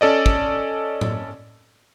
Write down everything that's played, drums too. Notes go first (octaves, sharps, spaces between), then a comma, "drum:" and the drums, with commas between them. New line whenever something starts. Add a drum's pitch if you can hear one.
C#4 A4 D5 D#5
drum: kick
drum: tom A2